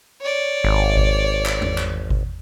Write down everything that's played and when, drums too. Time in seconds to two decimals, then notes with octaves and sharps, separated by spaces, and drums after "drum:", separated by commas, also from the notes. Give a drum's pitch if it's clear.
0.21 C#5 D5
0.64 G#1
0.97 drum: kick G#1
1.46 drum: clap
1.62 drum: tom E2
1.78 drum: clap
2.10 drum: kick G#1